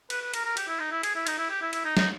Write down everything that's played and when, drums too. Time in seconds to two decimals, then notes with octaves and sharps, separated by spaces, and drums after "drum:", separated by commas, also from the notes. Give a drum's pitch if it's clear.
0.10 B4, drum: cymbal
0.22 B4
0.34 A#4, drum: cymbal
0.45 A#4
0.57 G4, drum: cymbal
0.68 E4
0.79 D#4
0.91 E4
1.03 G#4, drum: cymbal
1.15 E4
1.27 D#4, drum: cymbal
1.38 E4
1.50 G4
1.62 E4
1.73 E4, drum: cymbal
1.85 D#4
1.97 D#4, drum: snare